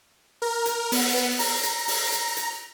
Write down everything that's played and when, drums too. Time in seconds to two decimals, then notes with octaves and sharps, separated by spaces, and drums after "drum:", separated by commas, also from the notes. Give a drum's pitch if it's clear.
0.42 A#4
0.65 drum: hi-hat
0.92 B3, drum: open hi-hat
1.39 A#5, drum: open hi-hat
1.63 drum: hi-hat
1.88 drum: open hi-hat
2.12 drum: hi-hat
2.37 drum: hi-hat